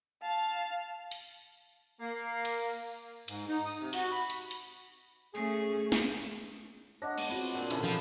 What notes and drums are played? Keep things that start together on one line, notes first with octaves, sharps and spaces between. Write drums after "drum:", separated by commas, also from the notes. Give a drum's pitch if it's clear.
F5 A5
drum: hi-hat
A#3
drum: cymbal
G#2, drum: cymbal
D#4
D#6
C3
F#4, drum: open hi-hat
B5
drum: hi-hat
drum: hi-hat
A3 C#4 G#4, drum: tambourine
drum: snare
D4 C#5 D#5 F#5 A#6
G#3 B3, drum: cymbal
C4 F4 F#4 B5
A#2 D4 D5
A#1 C#3 A#3 E4 A4, drum: hi-hat
F3 F5